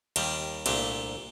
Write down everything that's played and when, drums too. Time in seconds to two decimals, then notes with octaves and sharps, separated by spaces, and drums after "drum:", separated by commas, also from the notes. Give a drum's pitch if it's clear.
0.16 D#2 D#3 G3, drum: cymbal
0.66 C2 A#2 A3 D4 A4, drum: cymbal